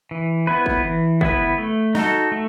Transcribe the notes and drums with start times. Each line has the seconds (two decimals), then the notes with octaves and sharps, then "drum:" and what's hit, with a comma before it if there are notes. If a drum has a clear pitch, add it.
0.11 E3
0.47 B3 E4 B4
0.66 drum: kick
0.85 E3
1.21 B3 E4 B4, drum: kick
1.40 drum: tom C#3
1.58 A3
1.95 D#4 F#4 A4, drum: snare
2.32 A3